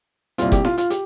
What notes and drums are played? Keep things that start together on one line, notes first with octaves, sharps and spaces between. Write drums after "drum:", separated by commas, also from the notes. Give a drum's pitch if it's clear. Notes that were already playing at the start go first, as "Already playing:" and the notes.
C2 A#2 G3 C4 F4, drum: hi-hat
G4, drum: kick F#1, hi-hat
F4, drum: snare E4
F4, drum: hi-hat
G4, drum: hi-hat